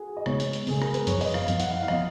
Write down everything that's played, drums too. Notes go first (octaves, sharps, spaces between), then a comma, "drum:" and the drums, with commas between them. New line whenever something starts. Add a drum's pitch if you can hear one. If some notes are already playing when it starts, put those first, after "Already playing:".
Already playing: F#4 G#4
D#5
C#3 G#3 B3 C#5, drum: rim click
drum: hi-hat
drum: hi-hat
C#3 G#3 B3 G#4, drum: open hi-hat
A#4, drum: rim click
B4, drum: hi-hat
F#2 F3 B3 C#5, drum: hi-hat
D#5, drum: open hi-hat
F5, drum: rim click
F#2 F3 B3 F5, drum: hi-hat
F#5, drum: hi-hat
F5
F5
F3 B3 D#5, drum: rim click